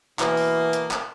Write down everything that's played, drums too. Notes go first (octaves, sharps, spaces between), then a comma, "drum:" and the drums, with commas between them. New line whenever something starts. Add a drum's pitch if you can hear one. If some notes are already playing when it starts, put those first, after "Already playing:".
B2 E3 A#3, drum: clap
drum: open hi-hat
drum: hi-hat
drum: clap